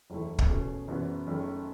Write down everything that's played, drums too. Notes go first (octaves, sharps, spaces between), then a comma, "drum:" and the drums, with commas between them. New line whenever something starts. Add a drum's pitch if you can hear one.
F#1 E2 D#3 A3 E4
drum: kick
B2 A3 C#4 G#4
F#1 F#2 E3 B3 F#4
F#1 F#2 D#3 A3